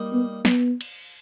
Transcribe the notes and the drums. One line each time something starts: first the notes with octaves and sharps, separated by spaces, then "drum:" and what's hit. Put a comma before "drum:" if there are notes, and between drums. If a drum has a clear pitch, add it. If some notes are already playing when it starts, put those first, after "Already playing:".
Already playing: G3 A#3 D#4
B3
B3, drum: snare
drum: cymbal